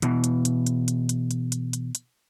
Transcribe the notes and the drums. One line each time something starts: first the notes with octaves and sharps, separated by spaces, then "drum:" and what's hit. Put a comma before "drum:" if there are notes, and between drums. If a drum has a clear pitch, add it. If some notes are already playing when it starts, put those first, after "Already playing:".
B2 E3, drum: hi-hat
drum: hi-hat
drum: hi-hat
drum: hi-hat
drum: hi-hat
drum: hi-hat
drum: hi-hat
drum: hi-hat
drum: hi-hat
drum: hi-hat